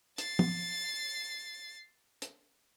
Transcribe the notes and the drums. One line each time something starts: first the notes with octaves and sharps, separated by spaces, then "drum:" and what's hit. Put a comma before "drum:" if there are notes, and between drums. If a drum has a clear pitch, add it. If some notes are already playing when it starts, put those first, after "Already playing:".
A6 C7, drum: hi-hat
drum: tom
drum: hi-hat